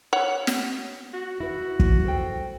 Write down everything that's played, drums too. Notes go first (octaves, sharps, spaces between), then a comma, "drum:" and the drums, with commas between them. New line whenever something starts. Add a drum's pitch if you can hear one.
C#5 F#5
drum: snare
F#4
E4 F#4 B4
drum: kick
A4 C5 G5